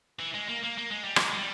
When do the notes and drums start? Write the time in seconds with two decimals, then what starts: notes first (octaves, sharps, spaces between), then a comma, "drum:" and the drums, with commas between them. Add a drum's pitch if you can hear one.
0.19 E3
0.34 G#3
0.49 A#3
0.63 A#3
0.78 A#3
0.91 G#3
1.04 G3
1.16 G#3, drum: rim click
1.33 G#3
1.38 G3